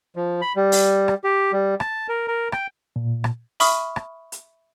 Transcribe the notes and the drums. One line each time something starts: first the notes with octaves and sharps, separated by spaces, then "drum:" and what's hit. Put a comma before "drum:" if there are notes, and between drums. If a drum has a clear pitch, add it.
F3
B5
G3
drum: open hi-hat
drum: rim click
G4
G3
A5, drum: rim click
A#4
A#4
G5, drum: rim click
A#2
drum: rim click
E5 B5 C#6 D#6 F6, drum: open hi-hat
drum: rim click
drum: hi-hat